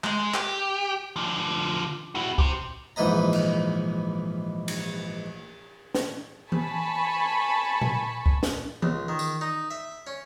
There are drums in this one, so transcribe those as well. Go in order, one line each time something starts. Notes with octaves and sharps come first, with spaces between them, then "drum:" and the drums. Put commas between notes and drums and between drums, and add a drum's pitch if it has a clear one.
G#3, drum: clap
G4, drum: clap
D3 F3
E4 F#4
G4 C5, drum: kick
A#1 G#2 E3 B4 D#5 A#5
drum: cymbal
drum: cymbal
drum: snare
G#5 A5 B5 C#6, drum: tom E3
drum: tom A#2
drum: kick
drum: snare
C#2, drum: tom E3
D#3
drum: tambourine
D#4
E5
C#4